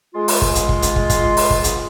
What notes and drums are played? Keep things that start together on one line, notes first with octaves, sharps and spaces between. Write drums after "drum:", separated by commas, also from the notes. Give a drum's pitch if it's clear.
G#3 F4
drum: open hi-hat
drum: kick
drum: hi-hat
drum: kick
drum: hi-hat
drum: kick
drum: kick, hi-hat
drum: open hi-hat
drum: kick
drum: hi-hat